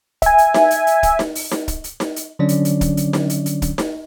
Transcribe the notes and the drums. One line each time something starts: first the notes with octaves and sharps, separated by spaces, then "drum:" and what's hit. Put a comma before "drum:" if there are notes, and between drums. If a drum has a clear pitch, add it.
E5 G#5, drum: kick, hi-hat
drum: hi-hat
drum: snare D#4
drum: hi-hat
drum: hi-hat
drum: kick, hi-hat
drum: snare D#4
drum: open hi-hat
drum: snare D#4
drum: kick, hi-hat
drum: hi-hat
drum: snare D#4
drum: hi-hat
D3 F#3 C#4 D4 C#5 D5
drum: hi-hat
drum: hi-hat
drum: kick, hi-hat
drum: hi-hat
drum: snare D#4
drum: hi-hat
drum: hi-hat
drum: kick, hi-hat
drum: snare D#4